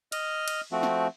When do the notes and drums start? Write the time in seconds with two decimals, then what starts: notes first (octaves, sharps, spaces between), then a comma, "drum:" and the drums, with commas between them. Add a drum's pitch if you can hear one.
0.12 D#5 F6, drum: cymbal
0.48 drum: cymbal
0.72 F3 A3 C4 F#4
0.83 drum: snare